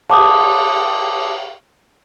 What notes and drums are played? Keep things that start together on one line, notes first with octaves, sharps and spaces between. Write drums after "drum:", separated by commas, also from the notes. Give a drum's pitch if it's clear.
A5 D6 D#6, drum: cymbal